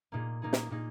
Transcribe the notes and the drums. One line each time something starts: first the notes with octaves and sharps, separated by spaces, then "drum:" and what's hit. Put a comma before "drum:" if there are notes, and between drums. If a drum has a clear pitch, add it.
A#2 A#3 D#4 G#4
A#2 A#3 D#4 G#4
drum: snare
A#2 A#3 D#4 G#4